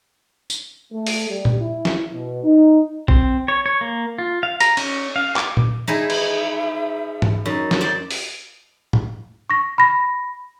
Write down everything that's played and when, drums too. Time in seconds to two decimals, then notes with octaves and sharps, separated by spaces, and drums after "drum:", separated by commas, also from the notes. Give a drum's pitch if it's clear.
0.50 drum: tambourine
0.93 A3
1.07 drum: open hi-hat
1.29 G3
1.45 drum: tom
1.61 E4
1.85 drum: snare
2.13 B2
2.43 D#4
3.08 C4, drum: kick A#1
3.48 C#5
3.66 C#5
3.81 A#3
4.18 F4
4.43 F5
4.61 A#5, drum: hi-hat
4.77 C#4, drum: cymbal
5.16 F5
5.36 D6, drum: clap
5.57 drum: tom
5.88 D#4 E4 G#4 E5
6.10 drum: cymbal
7.22 drum: tom
7.46 F#2 D#4
7.71 drum: snare
7.81 C5 D5
8.11 drum: open hi-hat
8.93 drum: tom A2
9.50 C#6 A#6
9.78 B5 A#6